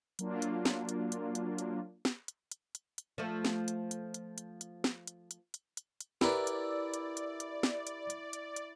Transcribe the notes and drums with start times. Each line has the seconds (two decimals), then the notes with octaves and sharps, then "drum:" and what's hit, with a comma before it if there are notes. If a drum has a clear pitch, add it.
0.19 F#3 A#3 D4 F4, drum: hi-hat
0.42 drum: hi-hat
0.65 drum: snare
0.89 drum: hi-hat
1.12 drum: hi-hat
1.35 drum: hi-hat
1.58 drum: hi-hat
2.05 drum: snare
2.28 drum: hi-hat
2.52 drum: hi-hat
2.75 drum: hi-hat
2.98 drum: hi-hat
3.18 F3 A3
3.45 drum: snare
3.68 drum: hi-hat
3.91 drum: hi-hat
4.14 drum: hi-hat
4.38 drum: hi-hat
4.61 drum: hi-hat
4.84 drum: snare
5.07 drum: hi-hat
5.31 drum: hi-hat
5.54 drum: hi-hat
5.77 drum: hi-hat
6.01 drum: hi-hat
6.21 E4 G4 A#4 B4 D5, drum: snare
6.47 drum: hi-hat
6.94 drum: hi-hat
7.17 drum: hi-hat
7.40 drum: hi-hat
7.63 drum: snare
7.87 drum: hi-hat
8.10 drum: hi-hat
8.33 drum: hi-hat
8.56 drum: hi-hat